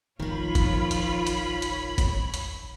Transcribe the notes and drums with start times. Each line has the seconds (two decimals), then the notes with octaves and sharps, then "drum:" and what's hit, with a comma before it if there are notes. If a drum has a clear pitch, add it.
0.19 F1 A#1 D#3 F3 F4 A#4 C#5 B5
0.55 drum: kick, hi-hat
0.91 drum: hi-hat
1.27 drum: hi-hat
1.62 drum: hi-hat
1.98 drum: kick, hi-hat
2.34 drum: hi-hat